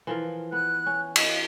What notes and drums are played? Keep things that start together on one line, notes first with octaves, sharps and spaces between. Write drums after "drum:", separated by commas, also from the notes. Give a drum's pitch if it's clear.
E3 F3 A#4
B3 F#6
C#4
D#5, drum: cymbal